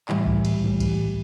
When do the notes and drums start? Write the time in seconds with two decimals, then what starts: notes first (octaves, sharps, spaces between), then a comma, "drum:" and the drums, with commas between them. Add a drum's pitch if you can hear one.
0.09 A2 E3 G3 E4, drum: clap
0.27 drum: kick C2
0.45 drum: cymbal
0.62 A2 E3 G3
0.80 drum: kick C2, cymbal